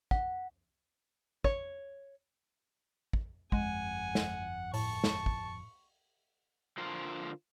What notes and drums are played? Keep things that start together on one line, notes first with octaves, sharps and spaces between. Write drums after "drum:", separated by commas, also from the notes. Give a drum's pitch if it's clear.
F#5, drum: kick
C#5, drum: kick
drum: kick
G1 F2 G#3 F#5 G#5, drum: kick
drum: snare
A2 A5 C#6, drum: open hi-hat
drum: snare
drum: kick
D3 F4 A#4 C5